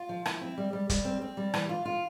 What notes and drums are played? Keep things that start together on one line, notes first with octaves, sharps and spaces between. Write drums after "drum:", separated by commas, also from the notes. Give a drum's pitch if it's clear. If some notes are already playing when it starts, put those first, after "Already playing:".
Already playing: F4
F3
E4, drum: rim click
C4
G3
G3
G3, drum: kick, hi-hat
C4
C4
G3
E3, drum: rim click
F4
F4